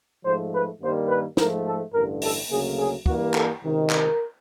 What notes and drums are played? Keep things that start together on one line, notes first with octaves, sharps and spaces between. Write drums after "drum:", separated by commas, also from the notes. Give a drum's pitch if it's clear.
G#2 F3 A3 C5
B4
G2 D#3 G3 A#3 C5
B4
G#2 F3 A3 A#4, drum: snare
A4
A1 G2 D3 A#4
A4, drum: open hi-hat
D2 C#3 F#3 A#3 G#4
G#4
G2 E3 G3 A#3 F#4, drum: kick
A4, drum: clap
C#2 C3 D#3
A#4, drum: clap